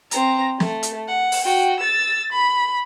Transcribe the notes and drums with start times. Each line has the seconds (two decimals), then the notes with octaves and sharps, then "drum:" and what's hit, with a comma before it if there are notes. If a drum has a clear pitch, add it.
0.11 C4 A#5, drum: hi-hat
0.60 A3, drum: snare
0.83 drum: hi-hat
1.08 F#5
1.32 drum: open hi-hat
1.44 F#4 G5
1.80 E6 A6
2.32 B5